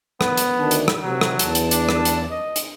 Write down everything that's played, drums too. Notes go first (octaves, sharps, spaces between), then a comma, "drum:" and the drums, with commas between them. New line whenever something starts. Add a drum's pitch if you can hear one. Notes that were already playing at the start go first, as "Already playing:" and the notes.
B3, drum: rim click
drum: hi-hat
D2 D#3 D4
drum: hi-hat
drum: rim click
C3 F#3
drum: rim click
E2 A5, drum: hi-hat
drum: hi-hat
D4, drum: hi-hat
drum: rim click
drum: hi-hat
D#5
drum: hi-hat